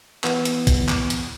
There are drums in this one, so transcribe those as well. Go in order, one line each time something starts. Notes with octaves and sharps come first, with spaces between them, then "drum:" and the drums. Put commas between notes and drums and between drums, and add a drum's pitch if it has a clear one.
E3 B3, drum: clap
drum: hi-hat
drum: kick, hi-hat
drum: clap
drum: hi-hat